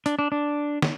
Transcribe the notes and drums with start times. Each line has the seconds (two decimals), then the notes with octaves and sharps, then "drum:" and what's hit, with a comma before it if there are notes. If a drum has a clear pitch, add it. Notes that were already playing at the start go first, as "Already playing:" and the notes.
0.06 D4, drum: hi-hat
0.19 D4
0.32 D4
0.82 drum: snare